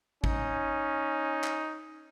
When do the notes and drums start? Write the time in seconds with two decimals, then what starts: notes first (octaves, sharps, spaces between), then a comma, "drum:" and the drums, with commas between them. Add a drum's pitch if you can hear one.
0.24 C#4 D#4, drum: kick
1.44 drum: clap